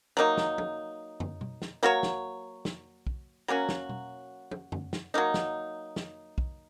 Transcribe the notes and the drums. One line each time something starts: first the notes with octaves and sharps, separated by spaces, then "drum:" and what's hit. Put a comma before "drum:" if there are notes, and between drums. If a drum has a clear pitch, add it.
F#3 A#3 D#4
drum: snare
drum: tom
drum: tom
drum: tom B2
drum: snare
F#3 A#3 F#4 C#5
drum: snare
drum: snare
drum: kick
F#3 A#3 C#4 F#4
drum: snare
drum: tom B2
drum: tom
drum: tom
drum: snare
F#3 A#3 D#4
drum: snare
drum: snare
drum: kick